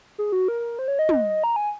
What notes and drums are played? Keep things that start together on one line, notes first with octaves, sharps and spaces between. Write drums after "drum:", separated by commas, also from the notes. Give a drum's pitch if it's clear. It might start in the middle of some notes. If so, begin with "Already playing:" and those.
G#4
F#4
A#4
C5
C#5
D#5
drum: tom
A#5
G#5